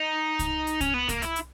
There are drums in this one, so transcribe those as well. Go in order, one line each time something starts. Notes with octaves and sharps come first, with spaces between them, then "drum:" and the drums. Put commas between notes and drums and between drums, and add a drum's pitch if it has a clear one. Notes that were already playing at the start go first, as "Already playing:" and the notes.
Already playing: D#4
drum: kick C2, hi-hat
drum: hi-hat
C#4, drum: kick C2, hi-hat
B3
A#3, drum: kick C2, hi-hat
E4, drum: hi-hat
drum: hi-hat